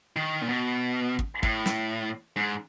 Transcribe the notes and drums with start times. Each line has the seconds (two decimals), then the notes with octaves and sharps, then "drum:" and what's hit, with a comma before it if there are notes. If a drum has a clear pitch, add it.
0.16 D#3
0.42 A#2
0.49 B2
1.19 drum: kick
1.43 A2, drum: kick
1.66 drum: snare
2.36 G#2